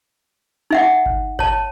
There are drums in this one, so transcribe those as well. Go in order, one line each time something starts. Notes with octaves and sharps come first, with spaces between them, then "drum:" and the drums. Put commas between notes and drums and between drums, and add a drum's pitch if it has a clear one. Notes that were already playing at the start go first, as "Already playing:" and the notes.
D#4 E5 F#5
drum: kick G1
C#5 A5, drum: kick G1